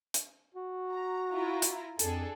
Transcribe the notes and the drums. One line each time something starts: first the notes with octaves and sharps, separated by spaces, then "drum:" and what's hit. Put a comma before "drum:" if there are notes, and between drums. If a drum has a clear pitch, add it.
drum: hi-hat
F#4
A#5
E4 F4 A#5
drum: hi-hat
F2 D4 G#4 A4, drum: hi-hat